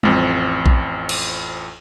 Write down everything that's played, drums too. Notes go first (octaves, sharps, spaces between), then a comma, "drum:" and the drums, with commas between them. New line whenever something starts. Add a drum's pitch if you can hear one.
A1 F2 C4, drum: tom G3
drum: kick A#1
drum: cymbal